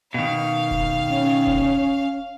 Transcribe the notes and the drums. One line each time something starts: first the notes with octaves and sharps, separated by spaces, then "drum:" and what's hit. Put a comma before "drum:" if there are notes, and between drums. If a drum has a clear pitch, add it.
B2 D#3 F5
drum: kick D#1
C#4
drum: kick D#1